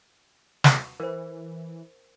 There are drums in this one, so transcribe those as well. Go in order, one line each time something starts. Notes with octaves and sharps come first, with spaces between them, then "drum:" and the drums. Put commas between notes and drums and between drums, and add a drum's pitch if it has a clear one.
drum: snare
E3 A#4 C5